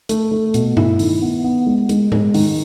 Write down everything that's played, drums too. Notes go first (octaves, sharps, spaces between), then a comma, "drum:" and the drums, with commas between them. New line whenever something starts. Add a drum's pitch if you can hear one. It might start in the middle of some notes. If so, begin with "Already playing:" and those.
A3, drum: hi-hat
A3
B2, drum: hi-hat
E4, drum: tom G2
D#3, drum: open hi-hat
B3
B3
G#3
G#3, drum: hi-hat
G#3, drum: tom G#2
D#3, drum: open hi-hat